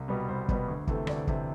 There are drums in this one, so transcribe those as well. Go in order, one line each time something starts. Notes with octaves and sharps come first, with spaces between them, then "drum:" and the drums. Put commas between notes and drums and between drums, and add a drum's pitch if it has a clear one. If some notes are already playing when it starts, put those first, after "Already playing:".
Already playing: C2
B2 G3 B3
C2 C5
B2 G3 B3, drum: kick
D2
C3 E3 A3, drum: kick
D2 D5, drum: rim click
C3 E3 A3, drum: kick